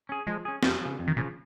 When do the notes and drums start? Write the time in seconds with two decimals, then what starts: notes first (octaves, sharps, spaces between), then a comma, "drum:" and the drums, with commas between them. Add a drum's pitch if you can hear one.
0.09 C#4 G#4
0.27 F3 G#3
0.45 C#4 G#4
0.63 F2 F3, drum: snare
0.81 C#3 F3
0.99 F2
1.07 D#3
1.17 A#2 C#3 F3